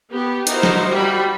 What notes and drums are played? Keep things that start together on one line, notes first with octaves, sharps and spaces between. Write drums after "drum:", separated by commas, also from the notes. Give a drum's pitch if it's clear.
B3 G4
D#4 E4 F#4 A#4 C5, drum: hi-hat
drum: snare
G3 F#4 B5